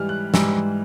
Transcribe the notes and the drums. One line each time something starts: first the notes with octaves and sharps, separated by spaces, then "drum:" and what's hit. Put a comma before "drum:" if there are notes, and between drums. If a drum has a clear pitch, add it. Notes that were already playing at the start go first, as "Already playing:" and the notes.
Already playing: G#2 E3 G3 F6
F#6
G#2 E3 G3 E6, drum: snare